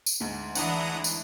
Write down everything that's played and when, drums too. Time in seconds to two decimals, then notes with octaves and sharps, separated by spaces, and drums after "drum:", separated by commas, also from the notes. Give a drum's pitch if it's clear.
0.06 drum: tambourine
0.20 D2 G#2
0.55 E3 D4 E4 F#5 A#5 D#6, drum: tambourine
1.04 drum: tambourine